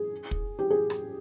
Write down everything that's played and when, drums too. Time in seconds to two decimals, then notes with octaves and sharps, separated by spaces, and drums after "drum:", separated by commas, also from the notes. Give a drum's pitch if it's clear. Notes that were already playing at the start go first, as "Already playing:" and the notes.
Already playing: G#4
0.31 drum: kick
0.59 G4
0.70 G#4
0.90 drum: rim click